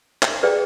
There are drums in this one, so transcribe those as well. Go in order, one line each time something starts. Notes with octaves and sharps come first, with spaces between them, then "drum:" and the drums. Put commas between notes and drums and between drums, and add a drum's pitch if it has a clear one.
drum: clap
G#4 B4 D5 G5